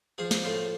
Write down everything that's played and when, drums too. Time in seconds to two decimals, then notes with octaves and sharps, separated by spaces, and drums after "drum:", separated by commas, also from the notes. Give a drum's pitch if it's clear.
0.18 F3 G#4
0.31 drum: snare
0.44 A2 F4